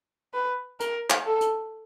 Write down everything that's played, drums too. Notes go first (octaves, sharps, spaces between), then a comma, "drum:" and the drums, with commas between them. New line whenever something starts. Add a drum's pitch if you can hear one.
B4
A#4, drum: hi-hat
drum: clap
A4
drum: hi-hat